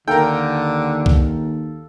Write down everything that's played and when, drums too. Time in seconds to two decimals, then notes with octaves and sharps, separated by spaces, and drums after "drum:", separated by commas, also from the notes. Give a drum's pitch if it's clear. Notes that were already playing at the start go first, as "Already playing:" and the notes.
0.08 D#2 D3 A4 A#4 F5 G5
1.06 drum: kick